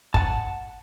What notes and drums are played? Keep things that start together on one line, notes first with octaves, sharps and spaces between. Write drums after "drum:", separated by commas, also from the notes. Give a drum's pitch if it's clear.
F#5 A5, drum: kick